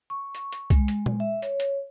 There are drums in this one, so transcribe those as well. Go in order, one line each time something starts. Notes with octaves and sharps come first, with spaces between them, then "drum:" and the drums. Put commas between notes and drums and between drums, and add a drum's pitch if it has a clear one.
C#6
drum: hi-hat
drum: hi-hat
G#3, drum: kick C2, hi-hat
drum: hi-hat
drum: tom A#2
E5
C#5, drum: hi-hat
drum: hi-hat